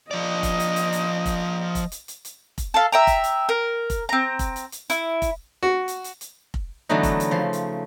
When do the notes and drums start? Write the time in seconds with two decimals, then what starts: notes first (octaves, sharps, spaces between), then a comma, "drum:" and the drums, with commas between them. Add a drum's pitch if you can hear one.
0.11 F3 D5 D#5
0.43 drum: kick F1, hi-hat
0.60 drum: hi-hat
0.76 drum: hi-hat
0.93 drum: hi-hat
1.26 drum: kick F1, hi-hat
1.75 drum: kick F1, hi-hat
1.92 drum: hi-hat
2.08 drum: hi-hat
2.25 drum: hi-hat
2.58 drum: kick F1, hi-hat
2.74 A4 F5
2.92 E5 G5 A#5
3.07 drum: kick F1, hi-hat
3.24 drum: hi-hat
3.49 A#4
3.90 drum: kick F1, hi-hat
4.09 C4 A#5
4.39 drum: kick F1, hi-hat
4.56 drum: hi-hat
4.72 drum: hi-hat
4.90 E4, drum: hi-hat
5.22 drum: kick F1, hi-hat
5.63 F#4
5.88 drum: hi-hat
6.04 drum: hi-hat
6.21 drum: hi-hat
6.54 drum: kick F1
6.89 D3 E3 F#3 A3 B3 D#4
7.03 drum: kick F1, hi-hat
7.20 drum: hi-hat
7.31 C#3 F3 C6
7.53 drum: hi-hat